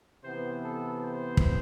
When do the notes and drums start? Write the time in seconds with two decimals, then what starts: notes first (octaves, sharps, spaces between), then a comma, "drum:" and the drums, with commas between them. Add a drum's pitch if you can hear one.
0.24 C3 E3 B3 C5
0.64 A4
1.04 C5
1.37 drum: kick